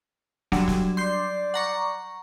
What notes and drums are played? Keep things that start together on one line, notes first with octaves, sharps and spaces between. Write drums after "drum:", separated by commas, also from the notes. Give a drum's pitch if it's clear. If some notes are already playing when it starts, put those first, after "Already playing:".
F#3 G3 D4, drum: snare
drum: snare
D5 C6 G6 C7
F#5 A#5 C#6